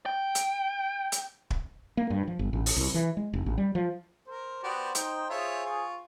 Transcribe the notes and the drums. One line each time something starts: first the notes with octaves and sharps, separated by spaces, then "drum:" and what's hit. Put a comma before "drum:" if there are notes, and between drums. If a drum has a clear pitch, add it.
G5
drum: hi-hat
drum: hi-hat
drum: kick
A#3
G2
F3
G1
A1
drum: open hi-hat
C2
E3
G#3
F1
A1
G3
F3
A#4 C5
B3 F#4 G4 D5
D#4 G5, drum: hi-hat
F4 G#4 C#5 E5
F4 C#6